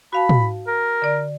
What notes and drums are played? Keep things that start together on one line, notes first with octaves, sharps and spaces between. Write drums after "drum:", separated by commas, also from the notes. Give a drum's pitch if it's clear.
F#4 F5 A5 B5
drum: tom
A#4
D3 D5